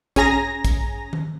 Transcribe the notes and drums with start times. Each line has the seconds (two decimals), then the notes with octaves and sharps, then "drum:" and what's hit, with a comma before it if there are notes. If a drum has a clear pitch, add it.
0.16 C#4 G#4 G#5 A#5 A#6, drum: kick, hi-hat
0.65 drum: kick, hi-hat
1.13 drum: tom D#3